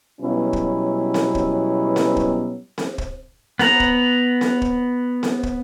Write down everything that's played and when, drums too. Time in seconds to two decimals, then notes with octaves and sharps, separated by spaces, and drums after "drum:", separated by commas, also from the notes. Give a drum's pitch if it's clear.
0.20 B2 F#3 G3 B3 C#4 E4
0.53 drum: kick
1.14 drum: snare C4
1.35 drum: kick
1.96 drum: snare C4
2.16 drum: kick
2.78 drum: snare C4
2.98 drum: kick
3.59 B3 F#5 A#5, drum: snare C4
3.80 drum: kick
4.41 drum: snare C4
4.62 drum: kick
5.23 drum: snare C4
5.43 drum: kick